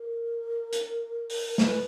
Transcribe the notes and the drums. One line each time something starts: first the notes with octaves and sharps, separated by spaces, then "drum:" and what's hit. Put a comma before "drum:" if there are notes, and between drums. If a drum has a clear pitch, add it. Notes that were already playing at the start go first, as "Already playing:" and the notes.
Already playing: A#4
drum: hi-hat
drum: open hi-hat
B4, drum: snare